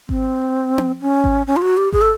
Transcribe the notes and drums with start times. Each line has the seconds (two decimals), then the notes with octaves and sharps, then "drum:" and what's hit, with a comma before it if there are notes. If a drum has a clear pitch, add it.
0.09 C4, drum: kick G#1
0.78 drum: tom C4
1.01 C#4
1.24 drum: kick G#1
1.47 C#4
1.56 F4
1.62 F#4
1.77 G4
1.92 G#4, drum: kick G#1
2.01 A4